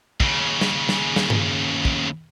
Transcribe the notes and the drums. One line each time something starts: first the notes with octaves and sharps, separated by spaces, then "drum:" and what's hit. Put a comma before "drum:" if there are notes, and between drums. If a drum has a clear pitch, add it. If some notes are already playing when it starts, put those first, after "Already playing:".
D#2 C#3, drum: kick
drum: snare
drum: snare
drum: snare
drum: tom G2
drum: kick